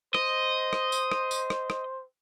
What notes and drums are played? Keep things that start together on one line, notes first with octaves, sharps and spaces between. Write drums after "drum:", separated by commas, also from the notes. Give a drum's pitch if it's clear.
C5 D#5, drum: rim click
drum: rim click
drum: tambourine
drum: rim click
drum: tambourine
drum: rim click
drum: rim click